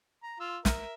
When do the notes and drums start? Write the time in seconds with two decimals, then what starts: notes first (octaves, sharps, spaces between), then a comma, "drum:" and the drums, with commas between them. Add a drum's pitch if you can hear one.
0.23 A#5
0.40 F4 E6
0.65 A#4 E5, drum: snare